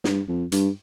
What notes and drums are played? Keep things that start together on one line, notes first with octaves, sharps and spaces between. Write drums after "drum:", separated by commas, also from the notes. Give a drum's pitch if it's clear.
G2, drum: snare
F2
G2, drum: hi-hat